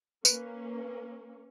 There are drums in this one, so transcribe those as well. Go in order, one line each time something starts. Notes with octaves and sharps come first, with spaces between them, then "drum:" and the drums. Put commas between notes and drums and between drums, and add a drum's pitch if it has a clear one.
A#3 C#4 B4, drum: tambourine